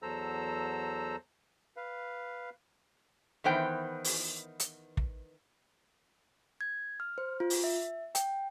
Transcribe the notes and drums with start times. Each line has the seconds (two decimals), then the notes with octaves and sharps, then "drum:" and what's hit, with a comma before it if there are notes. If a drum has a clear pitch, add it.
0.02 E2 F#3 A4 C5 A#5 E6
1.77 B4 F5
3.44 D#3 E3 B3 C5 G5
4.04 drum: open hi-hat
4.60 drum: hi-hat
4.97 drum: kick
6.61 G#6
7.00 F6
7.18 C5
7.40 F4
7.50 drum: open hi-hat
7.64 E5
8.15 G5, drum: hi-hat